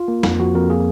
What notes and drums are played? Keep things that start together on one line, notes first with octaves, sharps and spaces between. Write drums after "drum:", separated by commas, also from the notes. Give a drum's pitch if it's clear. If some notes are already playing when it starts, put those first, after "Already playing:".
Already playing: F4
A#3
F2, drum: snare
F3 F#4
F2 A#4
A#3 G#4